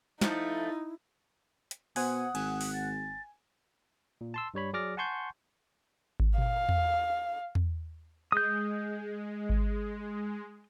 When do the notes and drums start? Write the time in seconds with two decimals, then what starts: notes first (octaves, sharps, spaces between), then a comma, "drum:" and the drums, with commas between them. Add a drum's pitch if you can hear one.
0.21 F3 A3 D#4 E4, drum: snare
1.71 drum: hi-hat
1.96 B2 C5 F#5 G#5 D#6, drum: open hi-hat
2.35 G#1 G#5, drum: cymbal
2.61 drum: open hi-hat
2.73 A6
4.21 A#2
4.34 A5 C6 E6
4.54 G2 G3 C#5 B5
4.73 F#3 G#4 D5 D6 F6 A#6
4.97 F#5 G#5 A5 C6 C#6 G6
6.20 drum: kick G#1
6.38 F5, drum: tom A#2
6.69 drum: tom E2
7.55 drum: tom E2
8.32 G#3 D#6 G6
9.50 drum: kick G#1